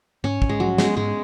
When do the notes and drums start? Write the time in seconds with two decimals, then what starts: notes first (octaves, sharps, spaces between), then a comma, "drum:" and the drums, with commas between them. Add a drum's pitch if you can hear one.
0.24 G#2 C#4
0.42 G#2, drum: kick
0.49 G#3
0.60 F3 F#3
0.78 G#3 B3, drum: snare
0.97 G#2 G#3